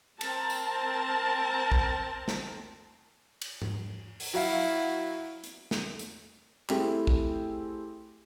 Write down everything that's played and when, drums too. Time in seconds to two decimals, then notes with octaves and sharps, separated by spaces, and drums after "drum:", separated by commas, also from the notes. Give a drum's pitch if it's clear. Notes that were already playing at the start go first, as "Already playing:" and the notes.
0.21 C4 A#4 A5, drum: cymbal
0.50 drum: tambourine
1.72 drum: kick A#1
2.28 drum: snare
3.41 drum: cymbal
3.62 drum: tom G#2
4.20 drum: open hi-hat
4.34 F#3 E4 F5
5.44 drum: hi-hat
5.71 drum: snare
5.99 drum: hi-hat
6.69 A3 C4 E4 G4 G#4, drum: clap
7.07 drum: kick A#1